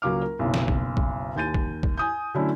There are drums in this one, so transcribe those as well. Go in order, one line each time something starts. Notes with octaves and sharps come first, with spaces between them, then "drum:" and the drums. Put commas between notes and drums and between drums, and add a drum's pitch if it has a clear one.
C#2 F#3 A#3 D6 F6
A#4
F#1 B1
drum: snare
drum: kick
drum: kick
D#2 G#5 G6 A6 D#7
drum: kick
drum: kick
G#5 D#6 G6
D3 F#3 A3 C#4 E4